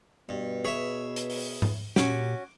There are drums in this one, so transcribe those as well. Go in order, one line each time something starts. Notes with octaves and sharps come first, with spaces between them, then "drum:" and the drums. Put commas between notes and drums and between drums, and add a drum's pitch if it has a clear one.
G2 B2
G#4 B4 C#5 E5
drum: hi-hat
drum: open hi-hat
drum: tom G#2
A#2 C#4 F#4 G4 D6, drum: snare